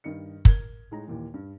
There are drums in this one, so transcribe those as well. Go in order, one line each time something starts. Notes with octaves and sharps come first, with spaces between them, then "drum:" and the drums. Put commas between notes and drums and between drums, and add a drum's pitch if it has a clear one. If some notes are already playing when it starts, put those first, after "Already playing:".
G2 D#3 D#5 C#7
A#4 G#6 G7, drum: kick
A2 G#3 D#4 A#5
D#2 A#2 E3
G2